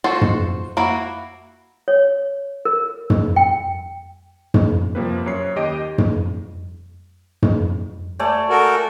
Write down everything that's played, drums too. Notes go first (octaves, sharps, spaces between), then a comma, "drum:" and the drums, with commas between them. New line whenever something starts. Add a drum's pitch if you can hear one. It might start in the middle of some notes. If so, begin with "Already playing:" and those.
F4 F#4 A4 C5 F#5
drum: tom
A#3 E4 F#4
C#5
A#4
drum: tom
G5
drum: tom
C3 F3 G3 A#3 C4 B4
F#2 C#5 C7
D#2 G4 D#5 D7
drum: tom
drum: tom
A3 D5 G#5
F#4 A4 A#4